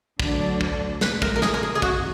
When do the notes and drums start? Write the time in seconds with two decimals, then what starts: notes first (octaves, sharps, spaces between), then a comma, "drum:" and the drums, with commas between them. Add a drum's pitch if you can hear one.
0.20 D2 D3 F#3 D4, drum: kick
0.61 drum: kick
1.01 A#2 F3 G#3 B4, drum: snare
1.22 A#4, drum: kick
1.36 A#4
1.42 G#4, drum: snare
1.54 A#4
1.63 G#4
1.75 G#4
1.82 F#2 D#3 F#4, drum: kick